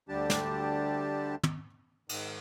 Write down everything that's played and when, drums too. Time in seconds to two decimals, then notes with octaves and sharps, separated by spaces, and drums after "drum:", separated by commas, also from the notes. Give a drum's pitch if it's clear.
0.09 D2 D3 G3 D4 G4 A5
0.30 drum: snare
1.43 drum: tom
2.09 G#2 D#3, drum: cymbal